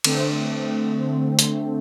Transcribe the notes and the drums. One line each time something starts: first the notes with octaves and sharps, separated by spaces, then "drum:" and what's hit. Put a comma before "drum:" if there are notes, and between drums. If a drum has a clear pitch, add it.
D3 A3 C4, drum: cymbal
drum: hi-hat